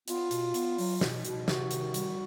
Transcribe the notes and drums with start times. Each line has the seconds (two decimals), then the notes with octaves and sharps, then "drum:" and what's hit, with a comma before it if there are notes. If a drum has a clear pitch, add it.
0.08 B3 F4, drum: hi-hat
0.31 B2, drum: hi-hat
0.54 B3, drum: hi-hat
0.78 F#3, drum: open hi-hat
1.01 B2, drum: snare
1.25 B2, drum: hi-hat
1.48 C3 F#4, drum: snare
1.71 D#3, drum: hi-hat
1.94 G3, drum: hi-hat